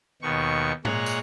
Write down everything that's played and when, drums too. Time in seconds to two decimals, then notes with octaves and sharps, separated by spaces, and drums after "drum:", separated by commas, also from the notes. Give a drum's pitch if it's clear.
0.22 D#2 B2 D#3 C#6
0.85 A#2 G#3 C#5 A#5 F#6, drum: tom G#2
1.06 drum: tambourine